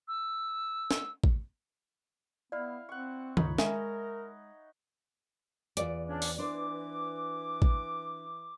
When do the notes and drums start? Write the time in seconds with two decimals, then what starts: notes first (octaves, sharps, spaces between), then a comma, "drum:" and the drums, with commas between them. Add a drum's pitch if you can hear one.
0.08 E6
0.91 drum: snare
1.24 drum: kick A1
2.52 B3 E4 D5 F5
2.89 C4 F#5 C#6
3.37 C#2 G2 C#3 D#4 C#5 B5, drum: tom D#3
3.58 G#3 A#4 D#5 E5 G#5, drum: snare
5.77 E2 F4 D5, drum: hi-hat
6.08 C#3 C#4 D4
6.22 drum: open hi-hat
6.38 E3 D4 C5 D6
7.62 drum: kick A1